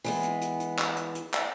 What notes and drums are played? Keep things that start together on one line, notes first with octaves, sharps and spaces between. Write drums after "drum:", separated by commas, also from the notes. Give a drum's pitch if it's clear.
E3 G#3 B3, drum: open hi-hat
drum: hi-hat
drum: hi-hat
drum: hi-hat
drum: clap
drum: hi-hat
drum: hi-hat
drum: clap